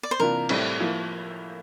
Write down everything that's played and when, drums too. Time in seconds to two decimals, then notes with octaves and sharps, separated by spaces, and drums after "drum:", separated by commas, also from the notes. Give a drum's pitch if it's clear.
0.03 D5
0.11 C5
0.20 C3 E3 A#3 D4 F4 A#4
0.49 A2 G3 C4 E4, drum: cymbal
0.80 F3 A#3 E4